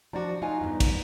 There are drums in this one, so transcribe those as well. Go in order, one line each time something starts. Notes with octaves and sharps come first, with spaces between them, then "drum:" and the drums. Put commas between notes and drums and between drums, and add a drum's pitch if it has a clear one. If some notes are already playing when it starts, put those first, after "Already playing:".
F3 D4 F#4 D5 A#5
D#4 F4 F#4 D#5 G#5
E2 G2
drum: kick, cymbal